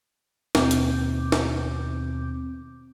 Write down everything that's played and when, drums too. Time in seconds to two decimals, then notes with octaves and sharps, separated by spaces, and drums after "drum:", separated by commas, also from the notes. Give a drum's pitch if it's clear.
0.55 D#2 B2 C4 D6 G6, drum: snare
0.71 drum: hi-hat
1.32 drum: snare